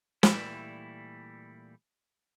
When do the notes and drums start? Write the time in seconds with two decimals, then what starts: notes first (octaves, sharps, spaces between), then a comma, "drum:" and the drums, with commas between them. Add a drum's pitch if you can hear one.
0.23 A#2 D#3 E3 G3 A3 E4, drum: snare